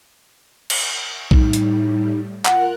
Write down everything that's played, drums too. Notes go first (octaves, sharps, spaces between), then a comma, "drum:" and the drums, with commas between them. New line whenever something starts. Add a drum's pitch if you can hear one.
drum: cymbal
A2 G3 D#4, drum: kick B1
drum: hi-hat
F4 A#4 F#5 F#6, drum: clap